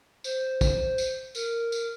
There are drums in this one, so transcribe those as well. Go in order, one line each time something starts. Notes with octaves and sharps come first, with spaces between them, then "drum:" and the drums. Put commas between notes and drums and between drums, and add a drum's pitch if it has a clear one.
C5, drum: tambourine
drum: kick, tambourine
drum: tambourine
A#4, drum: tambourine
drum: tambourine